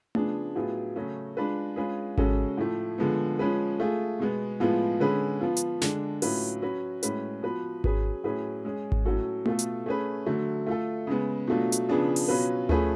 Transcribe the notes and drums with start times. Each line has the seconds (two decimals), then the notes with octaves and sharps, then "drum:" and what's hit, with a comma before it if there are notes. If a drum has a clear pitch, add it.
0.15 C#3 F3 B3 D4 G#4, drum: tom A3
0.55 A2 F#3 B3 F4 G#4
0.96 C#3 F#3 A3 C#4 F#4
1.37 G#3 D4 F4 B4
1.76 G#3 C#4 F4 G#4 B4
2.18 C#3 G#3 C#4 F#4 A4, drum: kick G#1
2.57 A2 F3 A3
2.98 D3 F3 G#3 B3
3.39 F3 G#3 C#4 G#4 B4
3.80 A3 F4 G#4
4.19 B2 G#3 B3
4.60 A2 F3 G#3 B3 F4
5.00 D3 G#3 C#4 G#4 B4
5.41 F3 B3 F4
5.57 drum: hi-hat
5.81 D3 G#3 D4, drum: snare
6.22 A2 F#3 C#4 F4 B4, drum: open hi-hat
6.62 F#3 C#4 F#4 B4
7.03 A2 G#3 C#4 F#4 B4, drum: hi-hat
7.43 F3 B3 F#4 B4
7.84 F#3 C#4 G#4 B4, drum: kick G#1
8.24 A2 F#3 C#4 G#4 B4
8.65 G#3 C#4 G#4
8.92 drum: kick G#1
9.05 A2 F#3 C#4 F#4 A4
9.46 B2 A3 F4 A4, drum: tom A3
9.59 drum: hi-hat
9.86 A3 C#4 G#4 B4
10.26 D3 F#3 A3
10.67 A3 F4 A4
11.07 C#3 G#3 B3
11.47 B2 F#3 A3 D4 F4
11.72 drum: hi-hat
11.89 C#3 F3 B3 D4 G#4
12.16 drum: open hi-hat
12.28 B2 F#3 C#4 F4 B4
12.69 F3 A3 C#4 G#4 B4, drum: tom D2